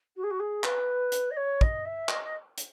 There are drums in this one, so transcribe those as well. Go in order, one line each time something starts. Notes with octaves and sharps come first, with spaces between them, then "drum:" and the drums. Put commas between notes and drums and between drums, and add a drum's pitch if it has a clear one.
F#4
G#4
F#4
G#4
B4, drum: clap
drum: hi-hat
D#5
C#5
D#5, drum: kick
E5
D#5, drum: clap
D#5
drum: hi-hat